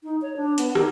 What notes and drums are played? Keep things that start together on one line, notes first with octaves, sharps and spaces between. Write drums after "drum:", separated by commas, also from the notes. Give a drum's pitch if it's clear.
D#4
C#5
D4
B3, drum: hi-hat
D#3, drum: rim click